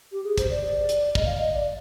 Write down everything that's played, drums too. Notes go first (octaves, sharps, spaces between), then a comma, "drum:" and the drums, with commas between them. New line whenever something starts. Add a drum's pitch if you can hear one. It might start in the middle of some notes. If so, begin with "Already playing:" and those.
G4
G#4
C5, drum: kick, hi-hat
D5
D5
drum: hi-hat
D#5, drum: kick
F5
D#5
D5